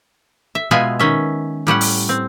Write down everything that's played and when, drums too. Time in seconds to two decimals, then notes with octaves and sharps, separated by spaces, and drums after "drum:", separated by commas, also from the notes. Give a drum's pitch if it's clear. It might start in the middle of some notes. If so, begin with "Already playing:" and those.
0.55 E5
0.71 B2 G#3 B3 F4 E5 G#5
0.99 D#3 C#4 E5
1.67 A2 G3 C#4 F#5
1.81 drum: open hi-hat
2.09 C4